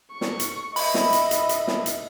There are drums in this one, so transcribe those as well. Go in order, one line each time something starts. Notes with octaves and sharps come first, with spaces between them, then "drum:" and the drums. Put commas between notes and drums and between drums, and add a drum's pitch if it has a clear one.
C#6
drum: snare
drum: hi-hat
D#5 E5 B5, drum: open hi-hat
drum: snare
drum: hi-hat
drum: hi-hat
drum: hi-hat
drum: snare
drum: hi-hat